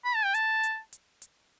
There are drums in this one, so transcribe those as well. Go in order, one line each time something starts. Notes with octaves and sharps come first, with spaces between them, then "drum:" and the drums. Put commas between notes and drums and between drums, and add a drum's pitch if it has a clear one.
B5
A5
G5
A5, drum: hi-hat
drum: hi-hat
drum: hi-hat
drum: hi-hat